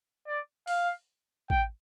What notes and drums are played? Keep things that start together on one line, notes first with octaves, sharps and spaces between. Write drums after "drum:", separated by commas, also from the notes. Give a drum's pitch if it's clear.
D5
F5, drum: open hi-hat
G5, drum: kick